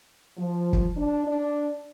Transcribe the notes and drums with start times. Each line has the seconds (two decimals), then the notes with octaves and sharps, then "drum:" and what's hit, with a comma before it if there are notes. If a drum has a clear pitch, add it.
0.37 F3
0.73 drum: kick
0.97 D4
1.27 D4